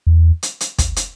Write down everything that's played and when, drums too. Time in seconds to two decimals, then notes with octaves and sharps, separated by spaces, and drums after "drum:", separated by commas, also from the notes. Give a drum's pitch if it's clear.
0.07 E2
0.43 drum: hi-hat
0.61 drum: hi-hat
0.78 drum: kick, hi-hat
0.96 drum: hi-hat